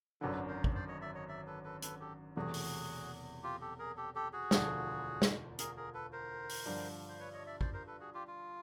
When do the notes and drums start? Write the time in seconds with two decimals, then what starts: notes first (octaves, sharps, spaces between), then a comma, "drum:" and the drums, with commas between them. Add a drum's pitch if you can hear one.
0.21 G#1 F#2 D3 A4 B4
0.48 A#4 C5
0.64 drum: kick A1
0.75 C5 D5
0.88 C#5 D#5
1.01 D5 E5
1.15 C#5 D#5
1.28 D5 E5
1.47 A4 B4
1.64 A4 B4
1.82 A4 B4, drum: hi-hat
2.00 G4 A4
2.36 E1 E2 C3 E3 A3 F#4 G#4
2.54 drum: open hi-hat
3.43 F4 G4
3.61 G4 A4
3.79 G#4 A#4
3.97 G4 A4
4.15 G4 A4
4.33 F#4 G#4
4.51 E1 D2 D3 F3 A3, drum: snare
5.22 drum: snare
5.59 G#4 A#4, drum: hi-hat
5.77 G#4 A#4
5.94 A4 B4
6.12 A#4 C5
6.49 drum: open hi-hat
6.66 G2 D3 F3
7.09 C5
7.20 B4 C#5
7.33 C#5 D#5
7.46 D5 E5
7.61 C5 D5, drum: kick A1
7.73 A#4 C5
7.87 A4 B4
8.00 F#4 G#4
8.14 F4 G4
8.27 F4